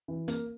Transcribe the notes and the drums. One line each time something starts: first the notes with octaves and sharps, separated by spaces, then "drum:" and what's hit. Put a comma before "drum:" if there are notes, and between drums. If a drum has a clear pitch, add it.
E3
A#3, drum: hi-hat